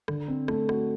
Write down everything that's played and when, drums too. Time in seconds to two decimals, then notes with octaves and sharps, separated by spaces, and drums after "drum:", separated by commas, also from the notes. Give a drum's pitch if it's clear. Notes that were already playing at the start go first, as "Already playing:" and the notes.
0.08 D3, drum: rim click
0.28 C4
0.48 A3, drum: rim click
0.69 F#4, drum: rim click